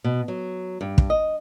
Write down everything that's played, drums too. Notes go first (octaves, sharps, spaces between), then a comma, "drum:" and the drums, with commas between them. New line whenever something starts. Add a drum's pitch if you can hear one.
B2
F#3
G2
drum: kick
D#5